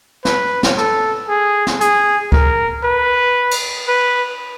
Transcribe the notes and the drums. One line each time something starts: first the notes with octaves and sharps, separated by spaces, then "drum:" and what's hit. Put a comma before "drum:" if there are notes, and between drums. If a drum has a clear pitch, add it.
B4, drum: snare
drum: snare
A4, drum: rim click
G#4
drum: snare
G#4, drum: hi-hat
A#4, drum: kick C#2
B4
drum: cymbal
B4